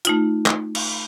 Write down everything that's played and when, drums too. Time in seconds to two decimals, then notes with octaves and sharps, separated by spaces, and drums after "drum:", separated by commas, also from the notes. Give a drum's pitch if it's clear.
0.05 A3 D#4 F4, drum: hi-hat
0.46 drum: clap
0.75 drum: cymbal